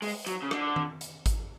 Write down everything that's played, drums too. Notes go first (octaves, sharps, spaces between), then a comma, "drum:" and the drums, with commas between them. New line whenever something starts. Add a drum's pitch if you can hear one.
G#3, drum: open hi-hat
F#3, drum: hi-hat
C#3
D3, drum: rim click
drum: tom D#3
drum: hi-hat
drum: kick G#1, hi-hat